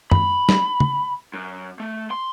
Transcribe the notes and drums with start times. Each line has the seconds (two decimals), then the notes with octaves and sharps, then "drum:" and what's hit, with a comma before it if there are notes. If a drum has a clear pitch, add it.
0.12 B5, drum: tom F#2
0.49 drum: snare
0.80 drum: tom
1.34 F#2
1.80 A3
2.11 C6